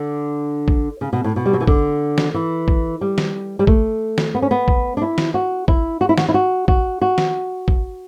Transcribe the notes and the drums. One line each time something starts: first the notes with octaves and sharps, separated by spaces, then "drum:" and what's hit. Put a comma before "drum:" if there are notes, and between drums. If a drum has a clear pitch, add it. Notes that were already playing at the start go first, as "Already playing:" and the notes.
Already playing: D3
drum: kick
C#3
B2
A2
B2
G3
F#3
E3
D3, drum: kick
drum: snare D#3
E3
drum: kick
G3
drum: snare D#3
G3
A3, drum: kick
drum: snare D#3
B3
C#4
B3
drum: kick
D4
E4
drum: snare D#3
F#4
E4, drum: kick
F#4
E4
F#4, drum: snare D#3
E4
F#4
F#4, drum: kick
F#4
drum: snare D#3
drum: kick